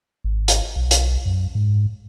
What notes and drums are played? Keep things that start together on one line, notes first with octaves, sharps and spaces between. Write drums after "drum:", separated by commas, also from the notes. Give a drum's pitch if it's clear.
G#1
drum: hi-hat
B1
drum: hi-hat
F#2
G#2